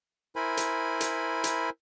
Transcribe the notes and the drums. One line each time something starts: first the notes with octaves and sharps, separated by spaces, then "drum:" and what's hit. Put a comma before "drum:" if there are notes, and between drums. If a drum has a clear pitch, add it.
E4 A#4 C5 G#5 B5
drum: hi-hat
drum: hi-hat
drum: hi-hat